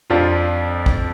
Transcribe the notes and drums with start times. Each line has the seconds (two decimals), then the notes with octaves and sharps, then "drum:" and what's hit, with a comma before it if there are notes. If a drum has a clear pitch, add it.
0.10 F2 F3 D4 F4
0.86 drum: kick